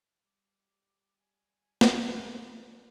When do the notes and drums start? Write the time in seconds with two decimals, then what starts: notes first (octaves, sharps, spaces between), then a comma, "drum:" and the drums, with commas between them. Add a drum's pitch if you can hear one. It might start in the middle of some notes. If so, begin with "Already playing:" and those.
0.25 G3 D6
1.18 G#5
1.81 drum: snare